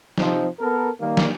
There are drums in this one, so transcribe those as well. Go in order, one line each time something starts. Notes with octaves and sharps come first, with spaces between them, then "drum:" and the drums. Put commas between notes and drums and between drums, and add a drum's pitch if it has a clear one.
C3 F3 C4 D#4, drum: snare
B3 A4 A#4
D#3 G3 A#3
drum: snare